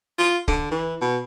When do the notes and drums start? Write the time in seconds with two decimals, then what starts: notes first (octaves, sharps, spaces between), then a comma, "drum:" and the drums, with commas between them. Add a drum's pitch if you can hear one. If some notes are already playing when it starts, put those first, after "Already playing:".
0.18 F4
0.48 D3, drum: kick C#1
0.71 E3
1.01 B2